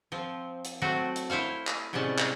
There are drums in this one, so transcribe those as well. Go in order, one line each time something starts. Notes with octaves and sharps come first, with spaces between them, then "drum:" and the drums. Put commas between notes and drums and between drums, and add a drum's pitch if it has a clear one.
F3 C4
drum: hi-hat
F#3 A3 C4 F#4
drum: hi-hat
E4 C5 C#5 F5
drum: clap
A2 C3 G3 G#3 C#4 A5
drum: clap